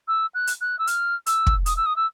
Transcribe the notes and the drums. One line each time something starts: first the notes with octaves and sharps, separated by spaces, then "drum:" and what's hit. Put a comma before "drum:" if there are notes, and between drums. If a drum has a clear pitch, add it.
E6
F#6
drum: hi-hat
F#6
E6
F6, drum: hi-hat
E6, drum: hi-hat
drum: kick
D#6, drum: hi-hat
E6
D#6
E6